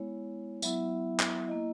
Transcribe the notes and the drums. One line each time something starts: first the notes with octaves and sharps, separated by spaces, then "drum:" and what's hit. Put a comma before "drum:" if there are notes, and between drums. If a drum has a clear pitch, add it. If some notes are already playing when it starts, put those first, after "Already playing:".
Already playing: G#3 B3 E4 C#5
F#3 B3 E4 E5, drum: tambourine
drum: clap
A#3 E4 D#5